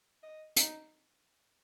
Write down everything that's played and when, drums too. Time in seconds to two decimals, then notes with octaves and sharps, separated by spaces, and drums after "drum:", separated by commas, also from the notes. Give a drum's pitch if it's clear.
0.23 D#5
0.56 D#4, drum: hi-hat